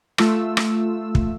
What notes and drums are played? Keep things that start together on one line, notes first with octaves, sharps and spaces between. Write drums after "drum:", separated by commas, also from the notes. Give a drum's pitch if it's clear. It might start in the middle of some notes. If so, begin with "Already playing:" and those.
A3 F4 E6, drum: rim click
drum: rim click
drum: kick